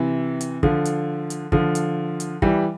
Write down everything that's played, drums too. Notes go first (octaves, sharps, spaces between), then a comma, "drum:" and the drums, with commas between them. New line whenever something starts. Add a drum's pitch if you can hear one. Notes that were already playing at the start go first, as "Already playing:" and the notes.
Already playing: C3 E3
drum: hi-hat
D3 F3, drum: kick
drum: hi-hat
drum: hi-hat
D3 F3, drum: kick
drum: hi-hat
drum: hi-hat
E3 G3, drum: kick